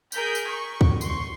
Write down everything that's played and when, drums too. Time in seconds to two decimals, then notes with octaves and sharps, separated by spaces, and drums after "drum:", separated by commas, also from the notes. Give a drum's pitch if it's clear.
0.12 G#4 A#4 G6 B6, drum: tambourine
0.35 drum: tambourine
0.49 C#6
0.81 drum: kick
1.01 C6 C#6, drum: tambourine